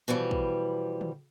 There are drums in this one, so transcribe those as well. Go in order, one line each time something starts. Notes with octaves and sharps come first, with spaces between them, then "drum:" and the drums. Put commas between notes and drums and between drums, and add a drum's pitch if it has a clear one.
B2 E3 F3 G3
drum: kick
drum: tom